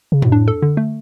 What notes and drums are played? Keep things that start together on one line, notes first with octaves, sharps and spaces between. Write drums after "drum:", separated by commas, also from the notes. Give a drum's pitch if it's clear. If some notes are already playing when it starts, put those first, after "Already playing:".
C#3
B2, drum: tom
A2 D4
A4
D3
A3